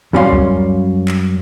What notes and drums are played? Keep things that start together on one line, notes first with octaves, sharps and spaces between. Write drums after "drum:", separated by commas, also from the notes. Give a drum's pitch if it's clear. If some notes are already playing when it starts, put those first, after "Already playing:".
F#2 G3 C#4 F4 F5 C6
drum: kick C#2
drum: clap